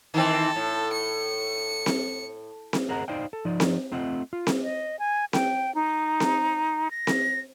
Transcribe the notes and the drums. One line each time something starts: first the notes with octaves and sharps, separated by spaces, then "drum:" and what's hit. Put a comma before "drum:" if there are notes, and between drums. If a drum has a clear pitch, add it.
D#3 E3 C4 A4
A2
C#7
drum: snare C4
drum: snare C4
G#4 A#4 C5 D#5 F#5 A#5
D#4 C5 D5 F5 G5
A4
F3 D#4 D5
drum: snare C4
A3 C4 F4 D#5 F#5
F4
drum: snare C4
D#5
G#5
G5, drum: snare C4
D#4
drum: snare C4
A#6
drum: snare C4